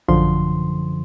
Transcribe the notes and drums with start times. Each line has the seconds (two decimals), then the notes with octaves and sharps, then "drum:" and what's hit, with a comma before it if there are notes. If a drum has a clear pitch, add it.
0.08 F#2 D3 F3 C6, drum: kick A1